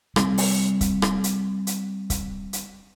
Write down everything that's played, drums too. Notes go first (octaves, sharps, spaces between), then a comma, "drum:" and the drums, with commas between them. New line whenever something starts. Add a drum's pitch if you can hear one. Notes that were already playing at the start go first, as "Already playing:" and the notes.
G3 C4, drum: rim click
drum: open hi-hat
drum: kick C#1, hi-hat
drum: rim click
drum: hi-hat
drum: hi-hat
drum: kick C#1, hi-hat
drum: hi-hat